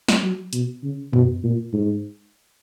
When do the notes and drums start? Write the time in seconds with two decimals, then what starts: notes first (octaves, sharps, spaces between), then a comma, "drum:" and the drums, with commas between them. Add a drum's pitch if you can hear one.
0.08 drum: snare
0.23 F#3
0.53 B2, drum: hi-hat
0.83 C#3
1.13 B2, drum: tom F#2
1.44 A#2
1.73 G#2